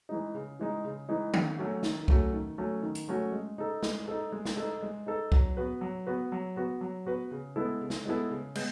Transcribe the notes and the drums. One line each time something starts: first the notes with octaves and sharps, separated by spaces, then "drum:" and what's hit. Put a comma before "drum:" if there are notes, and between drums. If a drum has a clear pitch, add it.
E3 G#3 D#4
C#3
E3 G#3 D#4
C#3
E3 G#3 D#4
D#3, drum: tom D#3
F#3 A3 C#4 F#4
D#3, drum: snare
F#3 A3 C#4 F#4, drum: kick C2
D#3
F#3 A3 C#4 F#4
D#3
drum: hi-hat
F#3 A3 C#4 F#4
G#3
D#4 A4
G#3, drum: snare
D#4 A4
G#3
drum: snare
D#4 A4
G#3
D#4 A4
F#3, drum: kick C2
B3 F#4 B4
F#3
B3 F#4 B4
F#3
B3 F#4 B4
F#3
B3 F#4 B4
C#3
G#3 B3 E4 A4
C#3
drum: snare
G#3 B3 E4 A4
C#3
G#3 B3, drum: cymbal